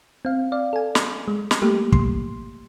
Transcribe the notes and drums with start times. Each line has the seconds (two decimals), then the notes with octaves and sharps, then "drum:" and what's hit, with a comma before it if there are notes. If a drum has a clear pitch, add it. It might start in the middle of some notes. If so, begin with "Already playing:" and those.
0.25 C4 F5
0.52 D5 F5
0.73 A4 G#5
0.95 drum: snare
1.28 G#3
1.51 drum: snare
1.62 G3 A3 A#3 G4
1.92 C6, drum: kick